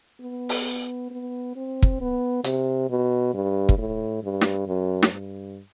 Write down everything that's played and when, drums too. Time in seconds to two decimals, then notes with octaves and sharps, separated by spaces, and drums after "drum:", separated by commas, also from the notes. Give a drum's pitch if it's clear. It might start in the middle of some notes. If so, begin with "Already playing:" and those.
0.21 B3
0.49 drum: open hi-hat
1.11 B3
1.56 C4
1.82 drum: kick
2.01 B3
2.44 C3, drum: hi-hat
2.90 B2
3.34 G2
3.69 drum: kick
3.79 A2
4.23 G2
4.41 drum: snare
4.67 F#2
5.03 drum: snare
5.13 G2